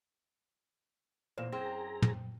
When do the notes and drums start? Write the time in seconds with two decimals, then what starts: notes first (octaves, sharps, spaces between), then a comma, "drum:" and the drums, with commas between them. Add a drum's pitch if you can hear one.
1.38 E2 A#2 C5 E7
1.52 F#2 C4 G#4 A#5
2.02 drum: tom